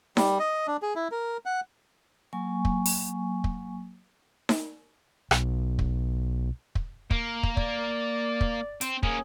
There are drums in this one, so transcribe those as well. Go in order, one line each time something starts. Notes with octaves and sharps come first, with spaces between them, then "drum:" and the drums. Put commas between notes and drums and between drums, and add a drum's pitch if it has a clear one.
G3, drum: snare D#4
D#5
D4
G#4
E4
A#4
F#5
F#3 A#3 G#5 C#6
drum: kick
drum: open hi-hat
drum: kick
drum: snare D#4
B1, drum: rim click
drum: kick
drum: kick
A#3, drum: kick
drum: kick
D5, drum: kick
drum: kick
C4, drum: hi-hat
A#3 C#4 G#4, drum: kick